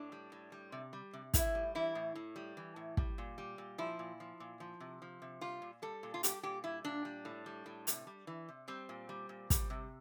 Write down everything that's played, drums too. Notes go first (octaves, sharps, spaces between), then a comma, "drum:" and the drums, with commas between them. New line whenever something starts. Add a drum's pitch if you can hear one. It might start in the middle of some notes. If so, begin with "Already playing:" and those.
Already playing: A2 D4
G3
A2
G3
C3
G3
C3
A2 E4, drum: kick, hi-hat
G3
E3 E4
A2
A2
G3
E3
A2
G3, drum: kick
A#2
G3
A#2
F3 E4
A#2
F3
A#2
F3
C3
F3
C3
G3 F4
A#2
G3 A4
A#2
F4
G3 G4, drum: hi-hat
A#2 G4
G3 E4
A#2 D4
G3
A2
G3
A2
C3, drum: hi-hat
G3
E3
C3
G3 C4
A#2
G3
A#2
G3, drum: kick, hi-hat
C3